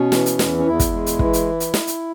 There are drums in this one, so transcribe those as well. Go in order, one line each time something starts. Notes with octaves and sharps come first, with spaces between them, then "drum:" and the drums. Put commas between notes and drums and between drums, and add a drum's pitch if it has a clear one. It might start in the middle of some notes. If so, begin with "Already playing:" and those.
Already playing: B2 C#4
E3, drum: snare
drum: hi-hat
E2, drum: snare
C#4
E2 E4
drum: kick, hi-hat
G#3
drum: hi-hat
E3, drum: kick
drum: hi-hat
drum: hi-hat
drum: snare
drum: hi-hat